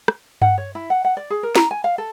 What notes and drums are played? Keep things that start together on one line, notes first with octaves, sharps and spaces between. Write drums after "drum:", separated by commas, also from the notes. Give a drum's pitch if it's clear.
drum: rim click
F#5, drum: tom G2
C#5
E4
F#5
F#5
D5
G#4
A#4
A#5, drum: snare
G#5
F5
A4